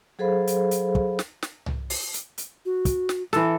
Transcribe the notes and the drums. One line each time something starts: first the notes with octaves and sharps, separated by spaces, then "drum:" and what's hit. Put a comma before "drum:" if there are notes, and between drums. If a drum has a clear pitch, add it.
F#3 G#4 A4 C5 F5 B5
drum: hi-hat
drum: hi-hat
drum: kick
drum: snare
drum: snare
drum: tom C2
drum: open hi-hat
drum: hi-hat
drum: hi-hat
F#4
drum: kick, hi-hat
drum: snare
E3 A4, drum: snare